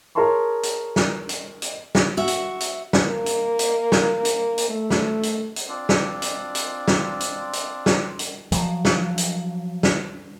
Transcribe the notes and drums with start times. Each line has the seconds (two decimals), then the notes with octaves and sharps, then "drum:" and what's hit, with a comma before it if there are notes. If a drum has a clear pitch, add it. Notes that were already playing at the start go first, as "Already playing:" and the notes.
0.15 G#4 A#4 C#5 A5 C6 C#6
0.63 drum: hi-hat
0.96 drum: snare
1.29 drum: hi-hat
1.62 drum: hi-hat
1.95 drum: snare
2.17 F#4 E5
2.28 drum: hi-hat
2.60 drum: hi-hat
2.93 drum: snare
3.05 A#3
3.26 drum: hi-hat
3.59 drum: hi-hat
3.92 drum: snare
4.25 drum: hi-hat
4.58 drum: hi-hat
4.69 A3
4.90 drum: snare
5.23 drum: hi-hat
5.56 drum: hi-hat
5.68 C4 D4 F4
5.89 drum: snare
6.22 drum: hi-hat
6.55 drum: hi-hat
6.88 drum: snare
7.20 drum: hi-hat
7.53 drum: hi-hat
7.86 drum: snare
8.19 drum: hi-hat
8.52 F3 F#3, drum: hi-hat
8.85 drum: snare
9.18 drum: hi-hat
9.83 drum: snare